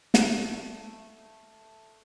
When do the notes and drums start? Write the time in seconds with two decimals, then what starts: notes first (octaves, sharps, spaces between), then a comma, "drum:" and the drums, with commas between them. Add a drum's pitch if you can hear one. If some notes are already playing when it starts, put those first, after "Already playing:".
0.14 A3, drum: snare